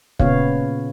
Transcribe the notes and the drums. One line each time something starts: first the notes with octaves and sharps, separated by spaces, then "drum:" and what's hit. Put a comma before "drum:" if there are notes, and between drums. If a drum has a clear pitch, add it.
A#2 C#3 B3 C#5 F5, drum: kick